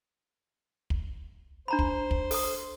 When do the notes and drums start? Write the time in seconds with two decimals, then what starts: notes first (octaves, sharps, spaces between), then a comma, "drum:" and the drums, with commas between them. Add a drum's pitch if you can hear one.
0.90 drum: kick
1.68 D4 C5 A#5 B5
1.79 drum: kick
2.11 drum: kick
2.31 A4 D#6, drum: open hi-hat